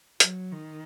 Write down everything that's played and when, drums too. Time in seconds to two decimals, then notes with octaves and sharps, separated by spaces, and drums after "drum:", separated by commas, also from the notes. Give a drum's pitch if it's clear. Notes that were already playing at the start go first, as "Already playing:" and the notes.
0.20 F#3, drum: hi-hat
0.52 D#3